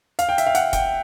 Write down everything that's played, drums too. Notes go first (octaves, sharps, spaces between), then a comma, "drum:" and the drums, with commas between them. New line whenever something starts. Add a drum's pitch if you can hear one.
F5, drum: hi-hat
G5
E5, drum: hi-hat
F5
F#5, drum: hi-hat
G5, drum: kick, hi-hat